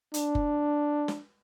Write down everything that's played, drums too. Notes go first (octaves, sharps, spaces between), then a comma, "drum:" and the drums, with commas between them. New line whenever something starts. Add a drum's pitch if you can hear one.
D4, drum: hi-hat
drum: kick F#1
drum: snare